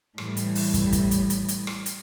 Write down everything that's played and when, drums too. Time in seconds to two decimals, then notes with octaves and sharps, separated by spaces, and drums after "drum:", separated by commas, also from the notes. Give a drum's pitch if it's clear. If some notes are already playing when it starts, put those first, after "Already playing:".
0.18 A2 E3 G3, drum: rim click
0.37 drum: hi-hat
0.55 drum: open hi-hat
0.74 drum: kick, hi-hat
0.93 drum: kick, hi-hat
1.11 drum: hi-hat
1.30 drum: hi-hat
1.48 drum: hi-hat
1.67 drum: rim click
1.86 drum: hi-hat